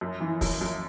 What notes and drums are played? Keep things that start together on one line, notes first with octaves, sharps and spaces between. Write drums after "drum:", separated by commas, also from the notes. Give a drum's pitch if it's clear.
F#2
E3
F#2, drum: kick, open hi-hat
F#2